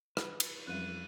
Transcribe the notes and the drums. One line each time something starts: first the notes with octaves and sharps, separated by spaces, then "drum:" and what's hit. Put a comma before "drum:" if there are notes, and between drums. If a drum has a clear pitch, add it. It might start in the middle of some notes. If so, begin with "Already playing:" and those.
B4, drum: rim click
drum: cymbal
F2 F#3 G3 C#4 F#6 D#7